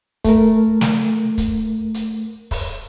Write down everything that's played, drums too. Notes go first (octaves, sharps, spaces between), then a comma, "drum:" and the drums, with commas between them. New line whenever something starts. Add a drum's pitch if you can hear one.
A3 A#4, drum: kick, hi-hat
drum: snare
drum: kick, hi-hat
drum: hi-hat
drum: kick, open hi-hat